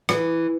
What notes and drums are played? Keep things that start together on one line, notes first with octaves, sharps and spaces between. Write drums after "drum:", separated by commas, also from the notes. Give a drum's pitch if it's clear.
E3, drum: rim click